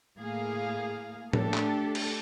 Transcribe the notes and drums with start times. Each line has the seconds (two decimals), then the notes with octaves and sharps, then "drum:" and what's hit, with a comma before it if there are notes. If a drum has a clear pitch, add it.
0.18 A2 A#3 G#4 F5
1.33 A3 D4 G4 A4, drum: tom
1.54 drum: clap
1.95 drum: cymbal